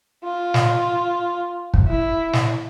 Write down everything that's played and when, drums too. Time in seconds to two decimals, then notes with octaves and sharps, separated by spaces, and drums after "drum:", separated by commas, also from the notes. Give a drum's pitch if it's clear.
0.24 F4
0.54 drum: snare
1.74 drum: kick
1.87 E4
2.33 drum: snare